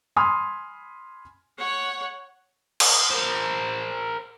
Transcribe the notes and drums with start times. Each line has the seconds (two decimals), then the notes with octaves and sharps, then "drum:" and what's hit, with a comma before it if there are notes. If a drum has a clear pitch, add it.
0.16 G#5 B5 C6 D#6 F6
1.59 C#5 F#5
2.80 drum: cymbal
3.11 A#4 C5